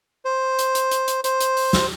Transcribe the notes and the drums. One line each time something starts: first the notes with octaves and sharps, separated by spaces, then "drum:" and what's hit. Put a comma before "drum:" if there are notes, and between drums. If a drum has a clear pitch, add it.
C5
drum: hi-hat
drum: hi-hat
drum: hi-hat
drum: hi-hat
C5, drum: hi-hat
drum: hi-hat
drum: open hi-hat
drum: snare